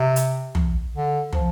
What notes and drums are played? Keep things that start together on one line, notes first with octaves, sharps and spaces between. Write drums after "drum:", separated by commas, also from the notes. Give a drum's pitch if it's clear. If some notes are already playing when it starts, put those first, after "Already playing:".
Already playing: C3
drum: hi-hat
drum: tom
D3
F3, drum: tom